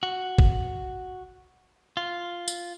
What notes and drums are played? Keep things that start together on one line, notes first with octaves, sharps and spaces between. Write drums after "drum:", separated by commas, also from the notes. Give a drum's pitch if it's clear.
F#4
drum: kick
F4
drum: tambourine